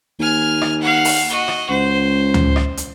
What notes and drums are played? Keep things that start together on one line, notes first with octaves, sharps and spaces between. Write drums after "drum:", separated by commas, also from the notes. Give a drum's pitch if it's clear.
D#2 G#5 F6
drum: rim click
F5 F#5
drum: open hi-hat
F#4 D#5
drum: rim click
C#2 C5
drum: tom D2
drum: rim click
drum: hi-hat